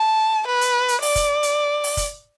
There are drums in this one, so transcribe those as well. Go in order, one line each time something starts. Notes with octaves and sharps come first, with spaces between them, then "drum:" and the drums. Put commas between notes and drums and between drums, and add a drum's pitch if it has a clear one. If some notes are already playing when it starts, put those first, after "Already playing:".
Already playing: A5
B4
drum: hi-hat
drum: hi-hat
D5, drum: open hi-hat
drum: kick, hi-hat
drum: hi-hat
drum: open hi-hat
drum: kick, hi-hat